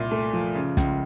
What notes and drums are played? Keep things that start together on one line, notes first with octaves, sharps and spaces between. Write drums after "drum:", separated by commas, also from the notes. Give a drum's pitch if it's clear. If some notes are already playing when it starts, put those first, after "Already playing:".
Already playing: C2 A#2
A3
F3
C#3
C#2, drum: kick, hi-hat